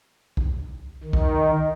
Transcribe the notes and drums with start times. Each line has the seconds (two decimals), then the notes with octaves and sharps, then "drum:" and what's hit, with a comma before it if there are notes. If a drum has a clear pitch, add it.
0.37 drum: kick B1
1.04 D#3
1.13 drum: kick B1